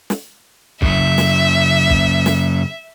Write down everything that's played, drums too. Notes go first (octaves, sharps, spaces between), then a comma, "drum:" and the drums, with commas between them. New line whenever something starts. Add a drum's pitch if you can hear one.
drum: snare
F#2 C#3 E5, drum: kick
drum: snare
drum: kick
drum: snare